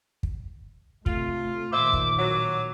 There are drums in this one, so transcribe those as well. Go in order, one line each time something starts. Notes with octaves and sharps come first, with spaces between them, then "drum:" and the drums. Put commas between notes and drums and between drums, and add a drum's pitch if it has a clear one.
drum: kick
C3 A3 F4, drum: kick
A#2 D#3 C5 E5 D6
drum: kick
F#3